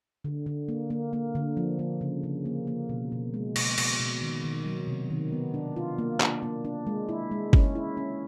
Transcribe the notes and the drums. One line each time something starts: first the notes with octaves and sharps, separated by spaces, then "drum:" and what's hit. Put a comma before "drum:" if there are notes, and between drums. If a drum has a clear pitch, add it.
D3
D3
A#3
A#3
A#3
D3
F3
A#3
C#3
C#3
A#3
A#3
B2
B2
G#3
B2, drum: cymbal
B2, drum: cymbal
B2
D#3
D#3
F#3
C3
D#3
B3
D4
F4
A#3
D4, drum: clap
A#3
D4
G#3
E4
G#3
C#4, drum: kick G1
E4
C#4